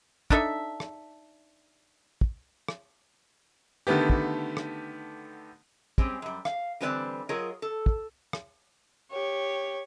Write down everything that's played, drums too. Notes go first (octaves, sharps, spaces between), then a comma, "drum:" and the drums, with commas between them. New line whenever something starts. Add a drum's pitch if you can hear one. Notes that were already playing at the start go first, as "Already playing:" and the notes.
D4 D#4 A4 E5, drum: kick
drum: rim click
drum: kick
drum: rim click
D3 D#3 A3 B3 G4
drum: kick
drum: rim click
G3 G#3 C4 C#4, drum: kick
F#2 G3
F5, drum: rim click
D3 E3 G3 C4 B4 D5
F#3 F4 G#4 A#4 C#5 D#5
A4
drum: kick
drum: rim click
G4 C#5